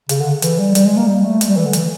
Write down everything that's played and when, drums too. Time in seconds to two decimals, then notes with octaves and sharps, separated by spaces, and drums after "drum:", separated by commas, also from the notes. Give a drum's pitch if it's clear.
0.09 C#3, drum: hi-hat
0.21 D3
0.42 E3, drum: hi-hat
0.58 G3
0.75 G3, drum: hi-hat
0.86 G#3
0.97 A#3
1.08 G3
1.24 A3
1.41 G#3, drum: hi-hat
1.48 G3
1.57 E3
1.65 D3
1.73 E3, drum: hi-hat